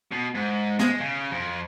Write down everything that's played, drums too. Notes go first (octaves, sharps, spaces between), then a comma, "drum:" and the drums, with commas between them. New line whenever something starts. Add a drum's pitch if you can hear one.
B2
G#2
G#3, drum: snare
C#3
F2